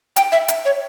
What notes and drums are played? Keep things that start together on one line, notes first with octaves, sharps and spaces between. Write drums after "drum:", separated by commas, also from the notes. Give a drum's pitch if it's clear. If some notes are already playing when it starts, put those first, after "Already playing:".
G5, drum: hi-hat
E5
drum: hi-hat
C#5